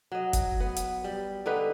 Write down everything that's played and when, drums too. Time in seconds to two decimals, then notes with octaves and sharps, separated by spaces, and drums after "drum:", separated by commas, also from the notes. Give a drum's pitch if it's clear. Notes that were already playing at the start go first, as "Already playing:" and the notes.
0.12 F#3 D#5
0.33 drum: kick F1, hi-hat
0.60 B3
0.76 drum: hi-hat
1.04 G3
1.46 D3 D#4 B4